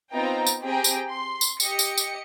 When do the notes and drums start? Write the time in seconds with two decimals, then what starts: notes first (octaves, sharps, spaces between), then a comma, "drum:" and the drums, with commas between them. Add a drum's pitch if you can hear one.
0.13 B3 C4 D#4 F4 G5 A#5
0.47 drum: tambourine
0.63 C4 G4 G#4 G5 A#5
0.84 drum: tambourine
1.09 C6
1.41 drum: tambourine
1.60 G4 D#5 C#7, drum: tambourine
1.79 drum: tambourine
1.98 drum: tambourine